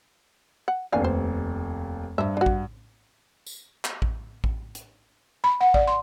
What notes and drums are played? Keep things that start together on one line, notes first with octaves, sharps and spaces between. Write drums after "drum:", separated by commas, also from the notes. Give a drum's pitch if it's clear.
F#5
F1 D#2 B3 D4 F5 G#5
C5
G2 C5 E5
D4 F#4
drum: kick A1
drum: tambourine
drum: clap
drum: kick A1
drum: kick A1
drum: hi-hat
B5
F#5
D5, drum: kick A1
C6